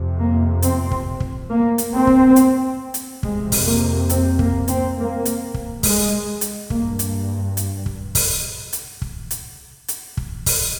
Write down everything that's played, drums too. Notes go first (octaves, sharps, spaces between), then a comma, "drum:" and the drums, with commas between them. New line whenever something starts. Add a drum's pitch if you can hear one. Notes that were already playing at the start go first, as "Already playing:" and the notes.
Already playing: F2 C3
A#3
C4, drum: hi-hat
drum: kick
drum: kick
A#3
drum: hi-hat
C4
drum: kick
drum: hi-hat
drum: hi-hat
F2 C3 G#3, drum: kick
drum: kick, open hi-hat
A#3
C4, drum: hi-hat
A#3, drum: kick
C4, drum: hi-hat
A#3
drum: hi-hat
drum: kick
G#3, drum: kick, open hi-hat
drum: hi-hat
G2 A#3, drum: kick
drum: hi-hat
drum: hi-hat
drum: kick
drum: kick, open hi-hat
drum: hi-hat
drum: kick
drum: hi-hat
drum: hi-hat
drum: kick
drum: kick, open hi-hat